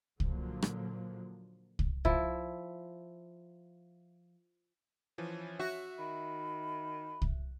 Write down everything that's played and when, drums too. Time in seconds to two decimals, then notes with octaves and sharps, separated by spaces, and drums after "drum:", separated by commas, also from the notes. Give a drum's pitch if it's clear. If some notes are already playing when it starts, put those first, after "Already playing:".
0.20 A#2 D3 F3 F#3 A#3, drum: kick C2
0.62 drum: rim click
1.79 drum: kick C2
2.05 F3 E4, drum: kick C2
5.18 E3 F3 C#4
5.60 F#4 E5
5.99 D#3 B5
7.22 drum: kick C2